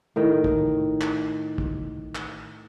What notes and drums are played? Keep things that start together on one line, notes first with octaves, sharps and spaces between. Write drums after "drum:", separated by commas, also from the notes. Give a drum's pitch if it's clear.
A2 D#3 D#5 G5
drum: kick
drum: clap
drum: kick
drum: clap